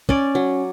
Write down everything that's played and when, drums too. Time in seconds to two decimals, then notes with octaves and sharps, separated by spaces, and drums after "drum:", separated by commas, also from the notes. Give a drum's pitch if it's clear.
0.09 C#4 D5, drum: kick
0.35 F#3